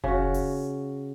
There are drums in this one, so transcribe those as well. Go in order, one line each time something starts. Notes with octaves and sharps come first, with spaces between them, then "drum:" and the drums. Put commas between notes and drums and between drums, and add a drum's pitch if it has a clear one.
C#3 F#4, drum: kick F1
drum: open hi-hat